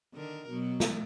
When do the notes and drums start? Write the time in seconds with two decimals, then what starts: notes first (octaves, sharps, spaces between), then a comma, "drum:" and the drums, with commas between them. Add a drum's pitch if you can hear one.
0.14 D3 D#3 A#4
0.50 B2 F#3
0.80 drum: snare